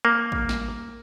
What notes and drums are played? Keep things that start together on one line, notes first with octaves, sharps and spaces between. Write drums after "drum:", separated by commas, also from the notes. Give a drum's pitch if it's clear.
A#3
drum: kick
drum: snare